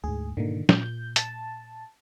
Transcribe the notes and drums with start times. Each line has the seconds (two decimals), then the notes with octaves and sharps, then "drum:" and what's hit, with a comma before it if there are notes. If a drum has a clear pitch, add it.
0.04 D2 G#2 G#4
0.37 G#2 B2 D3 D#3 A#3
0.69 A#2 G6, drum: snare
1.16 A5, drum: hi-hat